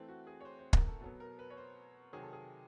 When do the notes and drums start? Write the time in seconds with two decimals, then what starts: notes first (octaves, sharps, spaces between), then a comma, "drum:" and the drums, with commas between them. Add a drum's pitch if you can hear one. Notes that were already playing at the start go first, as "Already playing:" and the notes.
Already playing: E3 A3 C4
0.08 F#4
0.27 G#4
0.41 C#5
0.45 C5
0.59 C5
0.73 A#4, drum: kick
0.87 A4
1.01 B2 F#3 B3 A4
1.20 A#4
1.39 B4
1.50 C#5
1.57 C5
2.13 C3 D#3 F#3 G#4
2.23 A4
2.33 G#4